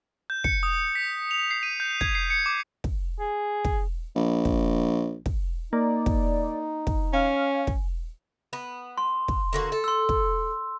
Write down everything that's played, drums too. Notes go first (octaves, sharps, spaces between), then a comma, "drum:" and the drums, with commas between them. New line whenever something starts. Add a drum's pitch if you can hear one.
G6
C#7, drum: kick
D#6
B6
F7
C7
D#7
G6
G#6, drum: kick
C7
C#7
D6
drum: kick
G#4
drum: kick
A#1
drum: kick
drum: kick
A#3 D#4 D5
drum: kick
drum: kick
C#4 F5 G#5
drum: kick
B3
C6
drum: kick
D3 A#3 F#4
A4
C6 E6
drum: kick